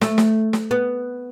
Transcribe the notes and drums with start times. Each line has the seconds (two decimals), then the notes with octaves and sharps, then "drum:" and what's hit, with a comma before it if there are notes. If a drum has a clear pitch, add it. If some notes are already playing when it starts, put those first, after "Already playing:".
0.01 A3, drum: snare
0.18 drum: snare
0.53 drum: snare
0.71 B3